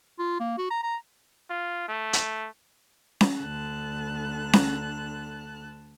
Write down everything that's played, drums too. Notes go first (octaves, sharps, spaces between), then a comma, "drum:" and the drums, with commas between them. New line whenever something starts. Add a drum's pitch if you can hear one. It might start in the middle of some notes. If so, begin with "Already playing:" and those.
F4
A#3
F#4
A#5
A#5
F4
A3
drum: hi-hat
drum: snare C#4
D2 D3 A5 F#6
drum: snare C#4